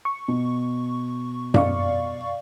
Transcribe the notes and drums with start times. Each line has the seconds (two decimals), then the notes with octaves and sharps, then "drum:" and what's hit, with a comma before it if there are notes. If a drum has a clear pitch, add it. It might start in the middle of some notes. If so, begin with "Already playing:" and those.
0.05 C#6
0.28 B2
1.54 D5 F5 C#6, drum: tom F#2